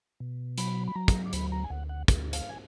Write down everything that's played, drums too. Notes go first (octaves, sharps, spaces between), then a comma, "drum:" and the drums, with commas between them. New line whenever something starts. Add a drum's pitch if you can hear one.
B2
F#3 B5, drum: hi-hat
B5
F#3 A#5
drum: kick, hi-hat
D6
D2 B5, drum: hi-hat
A#5
G#5
D2 F#5
F#5
D2, drum: kick, hi-hat
F5, drum: hi-hat
G#5